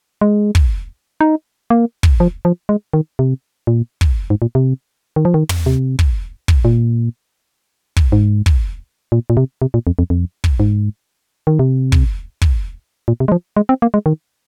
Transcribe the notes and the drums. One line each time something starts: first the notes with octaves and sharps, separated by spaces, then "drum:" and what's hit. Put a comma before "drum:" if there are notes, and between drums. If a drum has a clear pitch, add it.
G#3
drum: kick
D#4
A#3
drum: kick
F3
F3
G#3
D#3
C3
A#2
drum: kick
G#2
A#2
C3
D#3
F3
D#3
drum: tom
C3
drum: kick
drum: kick
A#2
drum: kick
G#2
drum: kick
A#2
A#2
C3
C3
A#2
F2
F2
F2
drum: kick
G#2
D#3
C3
drum: kick
drum: kick
A#2
C3
G#3
F3
G#3
C4
A#3
G#3
D#3